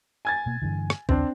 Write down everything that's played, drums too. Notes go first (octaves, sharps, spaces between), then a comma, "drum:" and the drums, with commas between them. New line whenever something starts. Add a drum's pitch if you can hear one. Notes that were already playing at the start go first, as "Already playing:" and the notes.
G#5 G#6 A6
B2 A#3
G2 D3 E3
drum: rim click
D#2 C#3 C4 D4, drum: kick